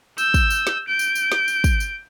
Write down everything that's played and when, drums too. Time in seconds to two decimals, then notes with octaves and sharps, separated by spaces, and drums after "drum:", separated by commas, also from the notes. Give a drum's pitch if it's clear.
0.18 E6 G6, drum: tambourine
0.34 drum: kick, tambourine
0.50 drum: tambourine
0.67 drum: snare
0.88 G6 D7
0.99 drum: tambourine
1.15 drum: tambourine
1.32 drum: snare
1.48 drum: tambourine
1.64 drum: kick, tambourine
1.80 drum: tambourine